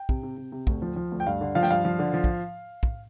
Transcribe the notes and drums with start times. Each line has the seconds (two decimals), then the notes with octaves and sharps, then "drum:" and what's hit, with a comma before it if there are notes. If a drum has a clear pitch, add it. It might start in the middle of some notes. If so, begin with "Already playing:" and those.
Already playing: G5
0.09 C3, drum: kick
0.23 C3
0.37 C3
0.52 C3
0.67 D2, drum: kick
0.82 F3
0.96 F3
1.12 D2
1.20 G5
1.27 G2 F5
1.41 D3
1.55 F3 F5
1.63 G5, drum: snare
1.71 G2 F5
1.85 F3
1.99 D3
2.14 F3
2.24 drum: kick
2.83 drum: kick